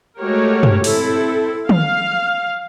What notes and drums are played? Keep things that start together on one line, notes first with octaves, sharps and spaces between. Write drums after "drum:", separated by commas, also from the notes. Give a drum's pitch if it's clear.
G#3 A3 F#4 G4 A#4 C#5
drum: tom
C4 E4 A4, drum: open hi-hat
F5, drum: tom